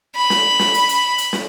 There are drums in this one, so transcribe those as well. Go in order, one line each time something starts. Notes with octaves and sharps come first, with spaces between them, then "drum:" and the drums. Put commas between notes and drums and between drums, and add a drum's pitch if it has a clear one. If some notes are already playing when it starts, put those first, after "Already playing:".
B5
drum: snare
drum: snare
drum: hi-hat
drum: hi-hat
drum: hi-hat
drum: snare